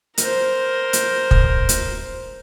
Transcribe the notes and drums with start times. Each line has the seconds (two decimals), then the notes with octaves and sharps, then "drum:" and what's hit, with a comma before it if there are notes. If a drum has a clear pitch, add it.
0.18 A#4 C5, drum: hi-hat
0.93 drum: hi-hat
1.31 drum: kick
1.69 drum: hi-hat